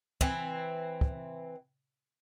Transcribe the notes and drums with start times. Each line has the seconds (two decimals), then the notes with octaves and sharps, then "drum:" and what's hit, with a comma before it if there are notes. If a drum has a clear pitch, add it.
0.21 E3 C4, drum: kick
1.01 drum: kick